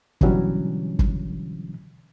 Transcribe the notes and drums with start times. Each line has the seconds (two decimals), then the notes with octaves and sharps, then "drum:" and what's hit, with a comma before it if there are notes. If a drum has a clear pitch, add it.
0.21 B2 D3 E3 F#3 G3 C#4, drum: kick
0.99 drum: kick